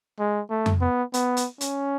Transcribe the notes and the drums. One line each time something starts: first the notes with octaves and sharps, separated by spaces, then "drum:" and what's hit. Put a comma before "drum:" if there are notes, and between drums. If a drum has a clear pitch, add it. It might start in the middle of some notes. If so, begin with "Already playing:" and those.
G#3
A3
drum: tom F2
B3
B3, drum: hi-hat
drum: hi-hat
C#4, drum: hi-hat